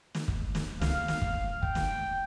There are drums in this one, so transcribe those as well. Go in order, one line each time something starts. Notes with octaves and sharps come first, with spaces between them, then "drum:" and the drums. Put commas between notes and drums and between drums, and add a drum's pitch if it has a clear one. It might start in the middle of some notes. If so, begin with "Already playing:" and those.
drum: snare
drum: kick
drum: snare
C#2 F5, drum: snare
drum: snare
drum: kick
G5, drum: kick
drum: snare